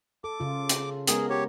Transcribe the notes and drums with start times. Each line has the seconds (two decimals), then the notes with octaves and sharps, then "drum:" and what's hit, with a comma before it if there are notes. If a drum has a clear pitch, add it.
0.24 A4 D6
0.40 C#3 F4
0.69 drum: hi-hat
1.07 G#3 B3 G#4 A#4, drum: hi-hat
1.30 G4 C#5